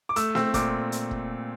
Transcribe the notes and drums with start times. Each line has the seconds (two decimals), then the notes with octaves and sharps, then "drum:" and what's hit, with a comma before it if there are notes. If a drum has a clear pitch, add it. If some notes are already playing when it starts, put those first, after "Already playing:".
0.09 D6
0.16 A3 E6, drum: hi-hat
0.35 C4 E6, drum: snare
0.54 A#2 D6, drum: kick, hi-hat
0.92 drum: hi-hat
1.11 drum: kick